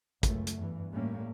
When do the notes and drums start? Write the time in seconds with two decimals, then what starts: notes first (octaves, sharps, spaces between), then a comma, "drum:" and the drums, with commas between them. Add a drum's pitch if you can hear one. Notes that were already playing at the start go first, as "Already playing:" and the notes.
0.23 C#2 F#2 A3, drum: kick, hi-hat
0.47 drum: hi-hat
0.58 E2 G2 E3
0.91 A2 G3 A3 A#3 C#4